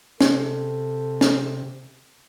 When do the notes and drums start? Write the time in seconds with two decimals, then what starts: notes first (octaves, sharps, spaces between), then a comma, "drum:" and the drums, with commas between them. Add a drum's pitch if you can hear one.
0.21 C3 A4, drum: snare
1.21 drum: snare